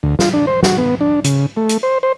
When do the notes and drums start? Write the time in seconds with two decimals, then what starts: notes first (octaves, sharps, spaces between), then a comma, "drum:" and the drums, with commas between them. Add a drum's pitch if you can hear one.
0.03 D2
0.19 F4, drum: snare
0.34 D4
0.47 C5
0.63 F#4, drum: snare
0.78 B3
1.01 D4
1.24 C#3, drum: hi-hat
1.57 A3
1.69 drum: hi-hat
1.83 C5
2.03 C5